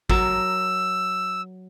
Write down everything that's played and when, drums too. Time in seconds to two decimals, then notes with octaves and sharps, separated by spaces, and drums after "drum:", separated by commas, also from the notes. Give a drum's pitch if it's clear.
0.10 F#3 A#4 A5 E6, drum: kick